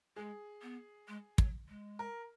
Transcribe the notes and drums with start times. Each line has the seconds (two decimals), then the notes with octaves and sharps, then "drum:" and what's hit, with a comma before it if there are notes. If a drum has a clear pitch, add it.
0.16 G#3 G#4
0.62 B3
1.08 G#3
1.38 F#3, drum: kick
1.69 G#3
1.99 A#4